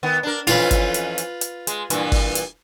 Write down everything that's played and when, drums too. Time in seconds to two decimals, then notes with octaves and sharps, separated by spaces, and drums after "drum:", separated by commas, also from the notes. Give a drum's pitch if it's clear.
0.03 D#3 B3
0.23 D4 A#4
0.47 F2 E3 C#4 F4 B4, drum: hi-hat
0.71 drum: kick G1, hi-hat
0.94 drum: hi-hat
1.18 drum: hi-hat
1.41 drum: hi-hat
1.67 G#3, drum: hi-hat
1.90 G2 A#2 E3, drum: hi-hat
2.12 drum: kick G1, open hi-hat
2.35 drum: hi-hat